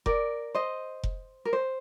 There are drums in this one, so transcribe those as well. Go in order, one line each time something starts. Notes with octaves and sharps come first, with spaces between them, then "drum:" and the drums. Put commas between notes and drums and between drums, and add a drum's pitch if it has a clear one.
A#4 D5, drum: kick F1
C5 D#5
drum: kick F1
A#4
C5